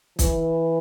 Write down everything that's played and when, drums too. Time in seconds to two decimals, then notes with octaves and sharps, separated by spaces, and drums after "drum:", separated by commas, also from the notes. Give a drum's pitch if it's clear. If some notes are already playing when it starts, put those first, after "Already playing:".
0.19 E3, drum: kick, hi-hat